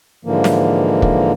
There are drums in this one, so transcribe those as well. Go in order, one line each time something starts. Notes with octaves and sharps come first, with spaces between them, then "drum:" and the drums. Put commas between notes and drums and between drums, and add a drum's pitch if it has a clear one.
G#2 D3 E3 F3 A#3
drum: snare
drum: kick